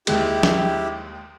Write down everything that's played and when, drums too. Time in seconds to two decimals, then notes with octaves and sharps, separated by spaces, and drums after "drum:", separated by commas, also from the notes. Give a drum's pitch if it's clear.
0.07 D#2 G#3 E4 G4, drum: cymbal
0.43 drum: snare